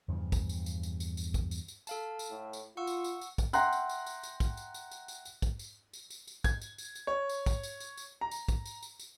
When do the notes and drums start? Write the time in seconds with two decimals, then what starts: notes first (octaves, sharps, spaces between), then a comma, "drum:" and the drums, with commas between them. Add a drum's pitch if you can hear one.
0.08 E2 G2 C#3 F3
0.32 drum: kick, tambourine
0.49 drum: tambourine
0.66 drum: tambourine
0.83 drum: tambourine
1.00 drum: tambourine
1.17 drum: tambourine
1.34 drum: kick, tambourine
1.51 drum: tambourine
1.68 drum: tambourine
1.87 A4 F5 A5, drum: tambourine
2.19 drum: tambourine
2.31 A2
2.53 drum: tambourine
2.77 F4 F#5 C#6 E6
2.87 drum: tambourine
3.04 drum: tambourine
3.21 drum: tambourine
3.38 drum: kick, tambourine
3.53 E5 F#5 G5 A#5 C6 F#6, drum: tambourine
3.72 drum: tambourine
3.89 drum: tambourine
4.06 drum: tambourine
4.23 drum: tambourine
4.40 drum: kick, tambourine
4.57 drum: tambourine
4.74 drum: tambourine
4.91 drum: tambourine
5.08 drum: tambourine
5.25 drum: tambourine
5.42 drum: kick, tambourine
5.59 drum: tambourine
5.93 drum: tambourine
6.10 drum: tambourine
6.27 drum: tambourine
6.44 G#6, drum: kick, tambourine
6.61 drum: tambourine
6.78 drum: tambourine
6.95 drum: tambourine
7.07 C#5
7.29 drum: tambourine
7.46 drum: kick, tambourine
7.63 drum: tambourine
7.80 drum: tambourine
7.97 drum: tambourine
8.21 A#5
8.31 drum: tambourine
8.48 drum: kick, tambourine
8.65 drum: tambourine
8.82 drum: tambourine
8.99 drum: tambourine